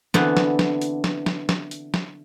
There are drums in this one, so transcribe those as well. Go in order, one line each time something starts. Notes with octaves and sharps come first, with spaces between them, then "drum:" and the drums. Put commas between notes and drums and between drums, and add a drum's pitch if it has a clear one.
D3 E3 B3 C4 F#4 C5, drum: snare
drum: snare
drum: snare
drum: hi-hat
drum: snare
drum: snare
drum: snare
drum: hi-hat
drum: snare